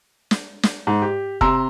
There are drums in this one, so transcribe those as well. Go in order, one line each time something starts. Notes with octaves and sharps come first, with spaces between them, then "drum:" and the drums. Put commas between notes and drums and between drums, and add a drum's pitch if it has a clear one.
drum: snare
drum: snare
G#2
G4
C3 A#5 C6 E6, drum: kick F1